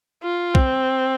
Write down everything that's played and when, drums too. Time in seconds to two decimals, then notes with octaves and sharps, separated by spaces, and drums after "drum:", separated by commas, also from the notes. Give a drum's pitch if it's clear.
0.23 F4
0.55 C4, drum: kick B1